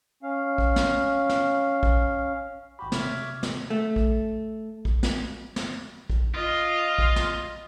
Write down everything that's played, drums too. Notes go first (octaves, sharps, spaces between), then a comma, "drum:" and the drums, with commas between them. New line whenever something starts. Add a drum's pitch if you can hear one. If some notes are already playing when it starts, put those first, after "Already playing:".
C#4 F5
drum: kick A#1
drum: snare
drum: snare
drum: kick A#1
G#1 F#4 G4 B5
C3 C#5 E5 D6 F6, drum: snare
drum: snare
A3
drum: kick A#1
drum: kick A#1
drum: snare
drum: snare
drum: kick A#1
F4 D#5
drum: kick A#1
drum: snare